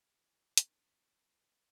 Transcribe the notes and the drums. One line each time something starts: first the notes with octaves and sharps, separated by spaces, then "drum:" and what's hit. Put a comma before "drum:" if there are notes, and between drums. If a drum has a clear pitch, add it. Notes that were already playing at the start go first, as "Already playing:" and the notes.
E3 G#4
D3 D#3 B3 C#4, drum: hi-hat
E3